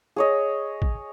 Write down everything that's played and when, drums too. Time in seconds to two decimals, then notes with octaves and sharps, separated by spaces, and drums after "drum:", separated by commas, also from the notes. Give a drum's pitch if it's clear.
0.16 G#4 C#5 D#5
0.82 drum: kick